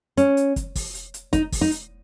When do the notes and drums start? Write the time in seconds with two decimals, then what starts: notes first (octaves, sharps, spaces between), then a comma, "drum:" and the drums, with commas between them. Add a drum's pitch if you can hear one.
0.17 C#4, drum: hi-hat
0.37 drum: hi-hat
0.56 drum: kick, hi-hat
0.75 drum: kick, open hi-hat
0.95 drum: hi-hat
1.14 drum: hi-hat
1.33 D#4, drum: kick, hi-hat
1.52 drum: kick, open hi-hat
1.61 D#4
1.72 drum: hi-hat